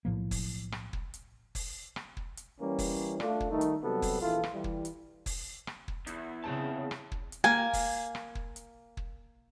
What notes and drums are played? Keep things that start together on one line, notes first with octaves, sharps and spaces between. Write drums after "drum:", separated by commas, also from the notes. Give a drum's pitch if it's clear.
B1 A2 F3 A#3
drum: kick, open hi-hat
drum: rim click
drum: kick
drum: hi-hat
drum: kick, open hi-hat
drum: rim click
drum: kick
drum: hi-hat
E3 G3 A#3 C#4
drum: kick, open hi-hat
A3 D4 F4, drum: rim click
drum: kick
D#3 G3 A3 D#4
drum: hi-hat
C3 F#3 G3 B3 F#4 A4
drum: kick, open hi-hat
A#1 E3 E4 F4 A4
drum: rim click
E3 G3 E4
drum: kick
drum: hi-hat
drum: kick, open hi-hat
drum: rim click
drum: kick
E2, drum: hi-hat
C#3 C4 E5 A5
drum: rim click
drum: kick
drum: hi-hat
A#3 G#5
drum: kick, open hi-hat
drum: rim click
drum: kick
drum: hi-hat
drum: kick